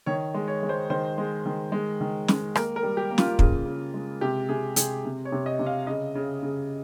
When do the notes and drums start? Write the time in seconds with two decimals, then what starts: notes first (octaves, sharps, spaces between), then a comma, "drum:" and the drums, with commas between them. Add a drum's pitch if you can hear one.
0.06 D#3 C#5
0.34 G#3
0.48 C#5
0.63 G#3
0.69 C5
0.90 D#3 C5
1.18 G#3
1.46 D#3
1.72 G#3
2.01 D#3
2.28 G#3, drum: snare
2.55 A#3 A#4, drum: rim click
2.76 A#4
2.83 G3
2.97 G4
3.11 A#3
3.18 F4, drum: snare
3.39 C#3, drum: kick
3.66 C#3
3.94 G#3
4.21 C3 G4
4.49 C3 G#4
4.76 C3 G#4, drum: hi-hat
5.05 C3
5.25 C#5
5.32 C3
5.46 D#5
5.59 C3
5.66 F5
5.87 C#3 D#5
6.15 C#3
6.43 C#3